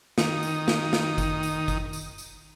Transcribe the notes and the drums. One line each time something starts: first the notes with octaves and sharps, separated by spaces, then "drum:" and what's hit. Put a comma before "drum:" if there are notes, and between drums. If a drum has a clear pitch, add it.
D#3 D#6, drum: snare
drum: tambourine
drum: snare
drum: snare
drum: kick G1, tambourine
drum: tambourine
drum: kick G1, tambourine
drum: tambourine
drum: tambourine